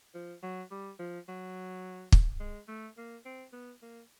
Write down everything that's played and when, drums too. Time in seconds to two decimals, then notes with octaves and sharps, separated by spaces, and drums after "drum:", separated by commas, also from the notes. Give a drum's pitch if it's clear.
0.14 F3
0.43 F#3
0.71 G3
0.99 F3
1.28 F#3
2.12 drum: kick
2.40 G#3
2.68 A3
2.98 A#3
3.25 C4
3.53 B3
3.82 A#3